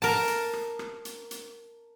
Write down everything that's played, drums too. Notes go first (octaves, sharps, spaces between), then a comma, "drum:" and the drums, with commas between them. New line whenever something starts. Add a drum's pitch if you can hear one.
A#4 A5, drum: open hi-hat
drum: hi-hat
drum: rim click
drum: rim click
drum: hi-hat
drum: hi-hat